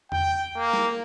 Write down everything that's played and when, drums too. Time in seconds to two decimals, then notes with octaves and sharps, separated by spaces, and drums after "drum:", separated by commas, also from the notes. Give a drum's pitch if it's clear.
0.12 G5, drum: tom E2
0.57 A#3
0.73 drum: snare